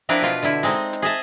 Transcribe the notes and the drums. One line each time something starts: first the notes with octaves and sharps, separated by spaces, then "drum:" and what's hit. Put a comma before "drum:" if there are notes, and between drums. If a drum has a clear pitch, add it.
F3 C4 D4 E4 A#4 B4
B2 F4
D3 E4
G#3 C4 D#4, drum: hi-hat
drum: hi-hat
G#4 D#5 E5 A5